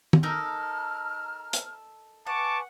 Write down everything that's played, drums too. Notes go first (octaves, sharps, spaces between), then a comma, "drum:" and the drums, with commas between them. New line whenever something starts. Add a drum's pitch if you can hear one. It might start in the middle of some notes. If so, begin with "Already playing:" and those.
drum: tom
D#4 A4 A#4 A#5 F6
drum: hi-hat
B4 F#5 G#5 A5 C#6 D6